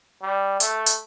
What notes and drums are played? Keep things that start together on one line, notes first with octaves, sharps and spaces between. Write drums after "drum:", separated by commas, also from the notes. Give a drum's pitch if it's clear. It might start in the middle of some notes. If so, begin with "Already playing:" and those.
G3
A3, drum: hi-hat
drum: hi-hat